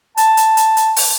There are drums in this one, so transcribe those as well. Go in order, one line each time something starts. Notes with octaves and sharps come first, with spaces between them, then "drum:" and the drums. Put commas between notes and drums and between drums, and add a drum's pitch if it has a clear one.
A5, drum: hi-hat
drum: hi-hat
drum: hi-hat
drum: hi-hat
drum: open hi-hat